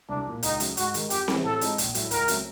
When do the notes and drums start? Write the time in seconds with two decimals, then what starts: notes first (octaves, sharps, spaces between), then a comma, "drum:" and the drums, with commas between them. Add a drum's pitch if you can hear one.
0.09 C2 D4
0.27 A#2 F3
0.43 C#2 D#4, drum: hi-hat
0.60 C#3 F#3 A3, drum: hi-hat
0.77 G#2 F#4, drum: hi-hat
0.94 D#3 G#3, drum: hi-hat
1.10 F2 G4, drum: hi-hat
1.28 C#3 E3, drum: snare C4
1.44 A2 A4
1.61 F3 G#3 C4 D#4, drum: hi-hat
1.78 A#1, drum: hi-hat
1.95 A2 F#3 A3, drum: hi-hat
2.11 C#2 A#4, drum: hi-hat
2.28 C#3 F#3 A3 C4, drum: hi-hat